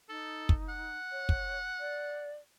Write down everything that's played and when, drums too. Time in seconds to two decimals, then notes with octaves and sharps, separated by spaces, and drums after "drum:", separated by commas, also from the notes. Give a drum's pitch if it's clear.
0.09 D#4 A4
0.49 drum: kick
0.69 F#5
1.12 C#5
1.29 drum: kick
1.80 D5